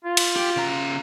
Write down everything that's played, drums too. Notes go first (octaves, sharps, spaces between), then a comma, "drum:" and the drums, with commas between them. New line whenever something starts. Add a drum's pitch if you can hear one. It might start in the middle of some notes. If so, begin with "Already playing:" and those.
F4
drum: cymbal
G4
C#3 A#5